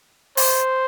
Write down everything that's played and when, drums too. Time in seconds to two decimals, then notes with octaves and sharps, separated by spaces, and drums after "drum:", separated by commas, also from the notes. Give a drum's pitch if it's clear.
0.37 C5, drum: open hi-hat